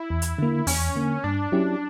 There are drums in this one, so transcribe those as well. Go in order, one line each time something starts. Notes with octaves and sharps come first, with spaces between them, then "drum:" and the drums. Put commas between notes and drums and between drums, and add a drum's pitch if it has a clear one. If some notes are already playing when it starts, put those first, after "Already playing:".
Already playing: E4
E2
drum: hi-hat
D3 A#3
E2 C#4, drum: open hi-hat
D3 A#3
G2 D4
F#3 C#4 E4 G4